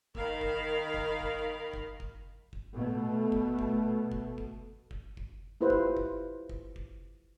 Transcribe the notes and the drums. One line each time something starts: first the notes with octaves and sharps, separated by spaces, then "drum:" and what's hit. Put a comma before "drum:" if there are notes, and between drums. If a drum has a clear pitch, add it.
D#3 A#4 F5 B5, drum: kick
drum: kick
drum: kick
drum: kick
drum: kick
drum: kick
drum: kick
B2 A3
drum: kick
drum: kick
drum: kick
drum: kick
drum: kick
drum: kick
E4 F4 G4 B4 C5 E5
drum: kick
drum: kick
drum: kick
drum: kick